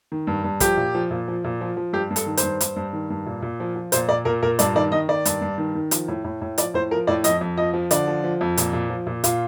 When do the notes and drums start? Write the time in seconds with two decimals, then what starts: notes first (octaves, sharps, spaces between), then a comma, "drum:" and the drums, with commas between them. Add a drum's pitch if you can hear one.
0.12 D#3
0.27 G2
0.44 G2
0.60 F3 G4, drum: kick, hi-hat
0.77 A#2
0.95 F3
1.11 A#2
1.28 F3
1.44 A#2
1.61 F3
1.77 F3
1.93 G2 G4
2.11 G2
2.16 A4, drum: hi-hat
2.26 D#3
2.37 C5, drum: hi-hat
2.43 G2
2.60 G2, drum: hi-hat
2.76 G2
2.93 D#3
3.10 G2
3.26 A#2
3.42 A#2
3.60 F3
3.76 F3
3.92 A#2 C5, drum: hi-hat
4.09 A#2 D5
4.25 A#2 A#4
4.43 A#2 A#4
4.59 G2 D5, drum: hi-hat
4.75 D#3 D5
4.92 D#3 D#5
5.08 D#3 D5
5.25 G2, drum: hi-hat
5.41 G2
5.58 D#3
5.75 D#3
5.91 F3, drum: hi-hat
6.08 A2
6.25 A2
6.42 A2
6.58 F3 D5, drum: hi-hat
6.74 A2 C5
6.91 F3 A#4
7.07 A2 D5
7.24 F2 D#5, drum: hi-hat
7.41 F2
7.57 F3 D#5
7.74 F3
7.91 D3 D5, drum: hi-hat
8.08 F3
8.24 F3
8.41 F2
8.57 A#2, drum: hi-hat
8.73 A#2
8.90 F3
9.07 A#2
9.24 A#2 F4, drum: hi-hat